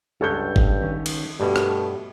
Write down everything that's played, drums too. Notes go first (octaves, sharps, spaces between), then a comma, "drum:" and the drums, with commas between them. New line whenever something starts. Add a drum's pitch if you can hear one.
C#2 G2 A4 C#5 F#5 G6
drum: kick
D#3 C#4
drum: cymbal
G2 B2 A3 G4 A5
drum: rim click